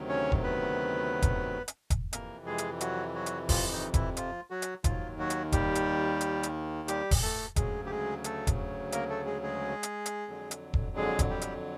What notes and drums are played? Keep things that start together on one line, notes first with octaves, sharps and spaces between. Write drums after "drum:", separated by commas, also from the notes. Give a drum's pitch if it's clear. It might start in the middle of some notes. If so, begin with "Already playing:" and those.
Already playing: D2 C3 D#3 F#3
C#4 C#5
drum: kick E1
B3 B4
drum: kick E1, hi-hat
drum: hi-hat
drum: kick E1, hi-hat
F2 C3 E3 A#3 A#4, drum: hi-hat
G#3 G#4
drum: hi-hat
F#3 F#4, drum: hi-hat
F#3 F#4
drum: hi-hat
F3 F4, drum: kick E1, open hi-hat
D#3 D#4
E3 E4, drum: kick E1, hi-hat
F3 F4, drum: hi-hat
F#3 F#4
drum: hi-hat
D#2 D#3 F3 F#3 F4, drum: kick E1, hi-hat
F#3 F#4
drum: hi-hat
G3 G4, drum: kick E1, hi-hat
drum: hi-hat
drum: hi-hat
drum: hi-hat
G3 G4, drum: hi-hat
drum: kick E1, open hi-hat
A3 A4
D2 C#3 F#3 G#3 G#4, drum: kick E1, hi-hat
G4
G#3 G#4
A3 A4, drum: hi-hat
drum: kick E1, hi-hat
A#3 A#4, drum: hi-hat
A3 A4
G#3 G#4
G#3 G#4
drum: hi-hat
drum: hi-hat
F2 D3 F#3
drum: hi-hat
drum: kick E1
G#3 G#4
drum: kick E1, hi-hat
G3 G4
drum: hi-hat